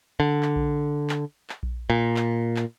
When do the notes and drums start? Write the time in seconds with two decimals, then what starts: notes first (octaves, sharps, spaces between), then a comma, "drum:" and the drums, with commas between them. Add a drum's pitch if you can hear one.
0.20 D3
0.43 drum: clap
0.56 drum: kick A#1
1.09 drum: clap
1.50 drum: clap
1.63 drum: kick A#1
1.90 A#2
2.16 drum: clap
2.56 drum: clap